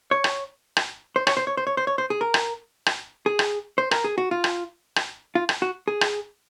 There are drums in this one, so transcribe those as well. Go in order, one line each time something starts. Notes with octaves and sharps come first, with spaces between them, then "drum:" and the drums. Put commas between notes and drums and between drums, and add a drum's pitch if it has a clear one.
C#5
drum: rim click
drum: rim click
C5
C#5, drum: rim click
C5
C#5
C5
C#5
C5
C#5
C5
G#4
A#4
drum: rim click
drum: rim click
G#4
drum: rim click
C5
A#4, drum: rim click
G#4
F#4
F4
drum: rim click
drum: rim click
F4
drum: rim click
F#4
G#4
drum: rim click